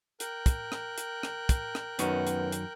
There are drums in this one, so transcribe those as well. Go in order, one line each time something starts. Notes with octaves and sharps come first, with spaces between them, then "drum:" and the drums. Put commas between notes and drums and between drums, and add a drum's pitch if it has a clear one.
A#4 G5 F#6, drum: hi-hat
drum: kick, hi-hat
drum: rim click
drum: hi-hat
drum: rim click
drum: kick, hi-hat
drum: rim click
F#2 D#3 B3 C#4, drum: hi-hat
drum: hi-hat
drum: hi-hat